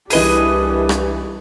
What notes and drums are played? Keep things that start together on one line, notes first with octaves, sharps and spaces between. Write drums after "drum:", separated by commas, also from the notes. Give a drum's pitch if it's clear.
C2 E3 D4 G4 G#4 B4 D#5 D#7, drum: open hi-hat
drum: rim click